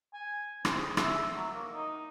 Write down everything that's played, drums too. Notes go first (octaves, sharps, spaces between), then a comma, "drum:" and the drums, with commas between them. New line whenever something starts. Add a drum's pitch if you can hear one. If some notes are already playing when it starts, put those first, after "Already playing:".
G#5
C4, drum: rim click
G#4
E5, drum: rim click
F#3
A#3
D#4